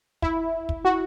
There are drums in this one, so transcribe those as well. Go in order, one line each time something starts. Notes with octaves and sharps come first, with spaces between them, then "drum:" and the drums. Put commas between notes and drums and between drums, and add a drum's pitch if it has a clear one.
E4, drum: kick
drum: kick
F#4